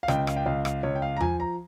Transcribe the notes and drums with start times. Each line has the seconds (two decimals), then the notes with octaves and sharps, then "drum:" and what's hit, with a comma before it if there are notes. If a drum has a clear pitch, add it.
0.03 F5
0.08 C#2 G5, drum: rim click
0.27 F5, drum: rim click
0.36 G5
0.46 C#2 F5
0.65 F5, drum: rim click
0.83 C#2 C#5
0.96 G5
1.02 F5
1.17 A#5
1.20 F3 G#5, drum: tom E2
1.40 A#5